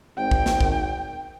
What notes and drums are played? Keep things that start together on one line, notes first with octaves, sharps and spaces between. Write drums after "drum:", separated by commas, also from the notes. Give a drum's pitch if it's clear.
G#1 G5
drum: kick
drum: snare
drum: kick